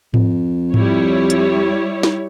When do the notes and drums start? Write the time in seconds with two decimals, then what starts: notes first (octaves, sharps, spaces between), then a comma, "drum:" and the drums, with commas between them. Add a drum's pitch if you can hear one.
0.14 F2, drum: tom G#2
0.74 G3 E4 C#5, drum: tom G#2
1.30 drum: hi-hat
2.03 drum: snare